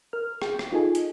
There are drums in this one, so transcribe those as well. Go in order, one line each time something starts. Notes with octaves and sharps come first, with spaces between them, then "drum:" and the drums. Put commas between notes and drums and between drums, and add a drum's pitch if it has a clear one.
A#4 F6
G#4 G5, drum: rim click
drum: rim click
D#4 F4 G#4 A4 D#5 G#5
drum: hi-hat